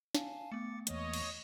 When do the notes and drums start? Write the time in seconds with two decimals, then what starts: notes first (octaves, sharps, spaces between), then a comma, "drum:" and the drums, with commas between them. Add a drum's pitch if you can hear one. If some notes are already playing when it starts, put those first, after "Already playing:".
0.15 F5 G#5 A5, drum: snare
0.52 A3 B3 D6 A6 C#7
0.87 E2 E3 A#3 C#5 D#5, drum: hi-hat
1.13 drum: cymbal